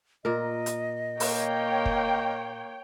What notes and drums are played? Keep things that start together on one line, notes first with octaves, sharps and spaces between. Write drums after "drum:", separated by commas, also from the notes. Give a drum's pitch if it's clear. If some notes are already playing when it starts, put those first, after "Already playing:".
A#2 A#4 D#5
drum: hi-hat
A#3 C#5 G5, drum: open hi-hat
drum: kick